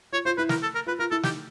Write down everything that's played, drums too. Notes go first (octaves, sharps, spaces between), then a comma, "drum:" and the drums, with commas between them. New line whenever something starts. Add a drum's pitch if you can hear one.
F4 C#5
F4 C5
E4 B4
A#4, drum: snare
A4
A#4
F4 B4
F4 A#4
E4 A4
D#4 G4, drum: snare